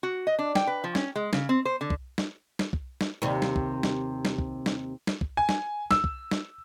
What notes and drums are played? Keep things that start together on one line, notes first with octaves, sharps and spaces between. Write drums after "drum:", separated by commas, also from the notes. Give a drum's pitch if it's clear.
F#4
D#5
D4
G5, drum: snare
B4
F3
C#4, drum: snare
G#3
C#3, drum: snare
C4
C5
D3
drum: kick
drum: snare
drum: snare
drum: kick
drum: snare
D#2 C3
drum: snare
drum: kick
drum: snare
drum: snare
drum: kick
drum: snare
drum: snare
drum: kick
G#5
drum: snare
E6, drum: snare
drum: kick
drum: snare